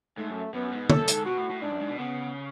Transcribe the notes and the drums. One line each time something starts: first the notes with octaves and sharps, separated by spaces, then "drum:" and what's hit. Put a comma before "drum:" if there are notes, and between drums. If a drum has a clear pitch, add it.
G#2 A3
F#2
F#2 B3
G#2
F#2 A4, drum: tom
G#2, drum: hi-hat
B2 F#4
A2
A2
G#2 D4
F#2
G#2
B2
C#3 B3